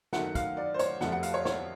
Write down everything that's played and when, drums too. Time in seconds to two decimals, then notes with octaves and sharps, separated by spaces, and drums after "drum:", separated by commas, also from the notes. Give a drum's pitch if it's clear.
0.13 F#2 D#3 F#3 A3 F#5, drum: snare
0.35 F5, drum: kick, hi-hat
0.57 D5
0.74 C5
0.79 C#5, drum: hi-hat
1.01 F2 C3 F3 A3 F#5, drum: snare
1.12 F#5
1.23 F5, drum: hi-hat
1.34 C#5
1.45 C#5, drum: snare